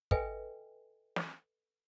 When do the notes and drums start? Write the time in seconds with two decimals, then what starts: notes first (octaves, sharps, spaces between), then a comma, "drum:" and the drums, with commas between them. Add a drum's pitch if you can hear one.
0.11 A4 B4 D#5 E5 G5 G#5, drum: kick
1.16 drum: snare